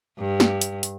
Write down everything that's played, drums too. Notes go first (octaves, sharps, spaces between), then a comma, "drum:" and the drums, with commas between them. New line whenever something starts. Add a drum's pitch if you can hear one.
G2
drum: snare
drum: hi-hat
drum: hi-hat